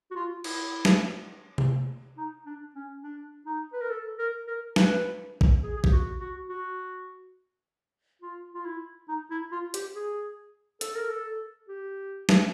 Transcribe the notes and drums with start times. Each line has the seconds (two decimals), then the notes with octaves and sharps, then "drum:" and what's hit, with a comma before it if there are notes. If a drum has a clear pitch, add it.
0.11 F#4
0.16 F4
0.44 E4, drum: cymbal
0.85 drum: snare
1.58 drum: tom C3
2.17 D#4
2.46 D4
2.75 C#4
3.03 D4
3.46 D#4
3.73 B4
3.82 A#4
3.90 A4
4.19 A#4
4.47 A#4
4.76 B4, drum: snare
5.41 drum: kick A#1
5.63 G#4
5.77 G#4
5.84 G4, drum: kick A#1
5.92 F#4
6.20 F#4
6.49 F#4
8.22 F4
8.54 F4
8.65 E4
9.08 D#4
9.31 E4
9.52 F4
9.74 G4, drum: hi-hat
9.95 G#4
10.81 A4, drum: hi-hat
10.95 A#4
11.09 A4
11.68 G4
12.29 drum: snare